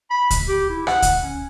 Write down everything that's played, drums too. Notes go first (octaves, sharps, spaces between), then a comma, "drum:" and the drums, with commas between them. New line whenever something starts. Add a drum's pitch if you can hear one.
B5
drum: kick C#2, hi-hat
G4
E4
F#5, drum: rim click
drum: kick C#2, hi-hat
C#4